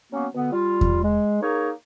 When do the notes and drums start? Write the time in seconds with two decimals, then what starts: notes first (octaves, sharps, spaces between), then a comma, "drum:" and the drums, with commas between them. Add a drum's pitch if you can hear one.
0.12 F#3 A#3 B3 C#4 F#4
0.33 B2 D3 B3
0.51 G3 F4
0.81 drum: kick E2
1.03 G#3
1.41 A#3 D#4 G#4 A#4 C#5